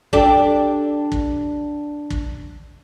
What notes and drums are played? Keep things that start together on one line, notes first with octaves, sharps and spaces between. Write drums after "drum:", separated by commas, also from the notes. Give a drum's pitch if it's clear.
D4 G4 A4, drum: kick
drum: kick
drum: kick